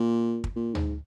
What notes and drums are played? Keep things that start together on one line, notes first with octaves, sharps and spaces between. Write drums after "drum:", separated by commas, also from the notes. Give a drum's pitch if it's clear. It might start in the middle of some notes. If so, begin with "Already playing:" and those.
Already playing: A#2
drum: kick
A#2
G#2, drum: tom